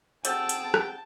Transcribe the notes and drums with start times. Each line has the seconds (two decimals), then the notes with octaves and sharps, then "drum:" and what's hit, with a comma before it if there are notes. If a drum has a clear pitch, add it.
0.25 G3 C4 F#4 G#4 A4 G5 A5, drum: hi-hat
0.49 drum: hi-hat
0.74 drum: rim click